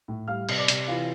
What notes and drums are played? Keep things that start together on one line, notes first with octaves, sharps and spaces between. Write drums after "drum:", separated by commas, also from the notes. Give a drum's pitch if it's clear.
A2
G3 F5 F6
C3, drum: cymbal
D5 D6
C3, drum: hi-hat
E3 F4 F5